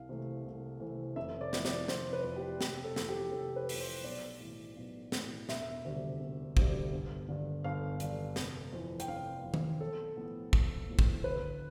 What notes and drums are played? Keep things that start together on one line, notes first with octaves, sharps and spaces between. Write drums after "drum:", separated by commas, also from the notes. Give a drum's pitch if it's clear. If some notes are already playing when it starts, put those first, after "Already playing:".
Already playing: C2 F5
C3 E3 A3
C2
C3 E3 A3
F1 E5
D5
F2 E3, drum: snare
D5, drum: snare
F1 C5, drum: snare
B4
F2 E3
G4
F1 G4, drum: snare
A4
F2 E3, drum: snare
G4
F1 A4
B4
F2 E3, drum: open hi-hat
C5
B1 D5
A2 E3
B1
A2 E3, drum: snare
E1 E5, drum: snare
D2 C3 G3
E1
D2 C3 G3, drum: kick
G1
G2 D3
G1 F5
G2 D3, drum: hi-hat
F1, drum: snare
F2 E3
G5, drum: hi-hat
F1 F5
F2 E3
drum: tom D#3
B1 A4
A2 F3 B3
B1, drum: kick
A2 F3 B3
drum: kick
D2 B4